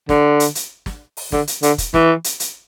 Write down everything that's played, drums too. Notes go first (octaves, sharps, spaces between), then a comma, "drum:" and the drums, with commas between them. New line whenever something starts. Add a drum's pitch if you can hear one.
D3, drum: snare
drum: hi-hat
drum: hi-hat
drum: snare
drum: open hi-hat
D3, drum: snare
drum: hi-hat
D3, drum: hi-hat
drum: kick, hi-hat
E3, drum: snare
drum: hi-hat
drum: hi-hat